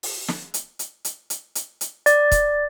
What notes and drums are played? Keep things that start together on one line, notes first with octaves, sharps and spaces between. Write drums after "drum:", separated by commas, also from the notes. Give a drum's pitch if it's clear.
drum: open hi-hat
drum: snare
drum: hi-hat
drum: hi-hat
drum: hi-hat
drum: hi-hat
drum: hi-hat
drum: hi-hat
D5, drum: hi-hat
drum: kick, hi-hat